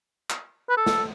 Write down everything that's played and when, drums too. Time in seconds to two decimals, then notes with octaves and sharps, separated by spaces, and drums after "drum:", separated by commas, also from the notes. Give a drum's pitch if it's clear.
0.30 drum: clap
0.69 B4
0.77 A4
0.87 drum: snare